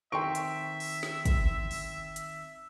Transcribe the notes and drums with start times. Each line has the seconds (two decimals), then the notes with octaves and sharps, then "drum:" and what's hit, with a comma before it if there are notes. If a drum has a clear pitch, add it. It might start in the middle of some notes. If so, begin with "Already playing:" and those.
0.12 D#3 C4 E5 G5 A#5 C6 C#6 D7
0.35 drum: hi-hat
0.80 drum: open hi-hat
1.03 drum: snare
1.26 drum: kick, hi-hat
1.71 drum: open hi-hat
2.16 drum: hi-hat